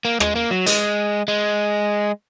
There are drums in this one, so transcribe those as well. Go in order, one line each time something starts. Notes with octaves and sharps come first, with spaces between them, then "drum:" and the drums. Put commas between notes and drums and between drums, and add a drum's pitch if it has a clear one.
A#3
G#3, drum: rim click
A#3
F#3
G#3, drum: hi-hat
G#3